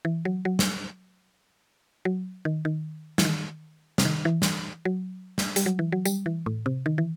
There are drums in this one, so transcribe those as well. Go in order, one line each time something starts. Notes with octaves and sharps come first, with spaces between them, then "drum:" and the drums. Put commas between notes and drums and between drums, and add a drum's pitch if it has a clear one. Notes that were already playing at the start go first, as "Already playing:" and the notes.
E3
F#3
F#3
drum: snare
F#3
D#3
D#3
E3, drum: snare
D#3
C3, drum: snare
D#3
E3
drum: snare
F#3
drum: snare
G3, drum: hi-hat
F#3
E3
F#3
G3, drum: tambourine
E3
A2
C3
D#3
E3